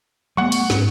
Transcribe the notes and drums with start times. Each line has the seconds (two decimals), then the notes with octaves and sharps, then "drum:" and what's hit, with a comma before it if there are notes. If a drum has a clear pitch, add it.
0.37 G3 A3 B3 F#5 C#6
0.52 drum: cymbal
0.70 G#2, drum: snare